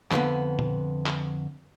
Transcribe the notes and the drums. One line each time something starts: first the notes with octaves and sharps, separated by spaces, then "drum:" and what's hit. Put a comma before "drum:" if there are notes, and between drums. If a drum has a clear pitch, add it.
F2 D3 B3, drum: clap
drum: tom A#2
drum: clap